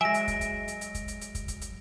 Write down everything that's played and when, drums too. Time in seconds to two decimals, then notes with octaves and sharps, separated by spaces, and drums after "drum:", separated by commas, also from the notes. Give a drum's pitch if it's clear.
0.01 F#3 G#3 E5 G#5 A#6 D7
0.14 drum: hi-hat
0.28 drum: kick, hi-hat
0.41 drum: kick, hi-hat
0.68 drum: hi-hat
0.81 drum: hi-hat
0.94 drum: kick, hi-hat
1.08 drum: hi-hat
1.21 drum: hi-hat
1.35 drum: kick, hi-hat
1.48 drum: kick, hi-hat
1.61 drum: hi-hat